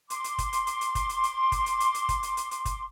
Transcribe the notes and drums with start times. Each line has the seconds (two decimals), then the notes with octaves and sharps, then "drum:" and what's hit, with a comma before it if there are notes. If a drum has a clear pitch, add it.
0.10 C6 D6, drum: hi-hat
0.24 drum: hi-hat
0.38 drum: kick, hi-hat
0.53 drum: hi-hat
0.67 drum: hi-hat
0.81 drum: hi-hat
0.95 drum: kick, hi-hat
1.09 drum: hi-hat
1.24 drum: hi-hat
1.52 drum: kick, hi-hat
1.66 drum: hi-hat
1.80 drum: hi-hat
1.94 drum: hi-hat
2.09 drum: kick, hi-hat
2.23 drum: hi-hat
2.37 drum: hi-hat
2.51 drum: hi-hat
2.65 drum: kick, hi-hat